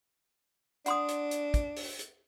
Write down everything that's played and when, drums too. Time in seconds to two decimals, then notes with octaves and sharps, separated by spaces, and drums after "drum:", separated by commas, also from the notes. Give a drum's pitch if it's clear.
0.86 D4 F#5 C6 D#6, drum: hi-hat
1.09 drum: hi-hat
1.31 drum: hi-hat
1.54 drum: kick, hi-hat
1.77 drum: open hi-hat
1.99 drum: hi-hat